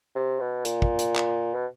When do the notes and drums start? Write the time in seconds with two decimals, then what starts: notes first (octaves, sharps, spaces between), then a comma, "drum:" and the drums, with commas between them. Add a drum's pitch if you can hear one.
0.15 C3
0.40 B2
0.65 A#2, drum: hi-hat
0.82 drum: kick
0.99 drum: hi-hat
1.16 drum: clap
1.54 B2